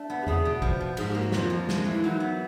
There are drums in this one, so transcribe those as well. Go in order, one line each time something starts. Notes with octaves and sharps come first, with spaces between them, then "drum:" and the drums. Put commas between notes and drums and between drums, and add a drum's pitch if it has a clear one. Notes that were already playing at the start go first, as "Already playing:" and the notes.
Already playing: A3 D4
B3
G4
B3 G#4, drum: tom E2
B2
F3, drum: kick
F3
G#2 G#4, drum: cymbal
G4
A#3
F#4
F2 F4, drum: snare
F2
G#3, drum: snare
E3
E4
F#3 D#4
B3